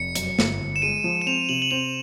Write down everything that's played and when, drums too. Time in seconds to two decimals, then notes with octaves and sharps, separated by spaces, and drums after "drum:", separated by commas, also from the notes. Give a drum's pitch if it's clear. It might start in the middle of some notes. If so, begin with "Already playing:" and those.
Already playing: F1 C#7
0.15 F#2, drum: hi-hat
0.39 G1, drum: snare
0.61 G1
0.76 E7
0.82 G#3 D#7
1.04 F3
1.22 E7
1.27 C4 F7
1.49 C3 F#7
1.62 F#7
1.71 C4 F7